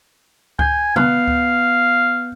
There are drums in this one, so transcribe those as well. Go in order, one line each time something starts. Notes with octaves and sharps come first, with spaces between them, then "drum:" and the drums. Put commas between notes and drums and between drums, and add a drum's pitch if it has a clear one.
G#5 G6, drum: kick C#2
B3 F5 F#6, drum: tom C3
drum: kick C#2